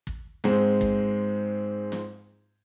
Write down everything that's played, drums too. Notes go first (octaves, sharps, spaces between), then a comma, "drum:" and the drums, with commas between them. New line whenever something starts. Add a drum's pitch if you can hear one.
drum: kick
G#2 G#3 C4, drum: snare
drum: kick
drum: snare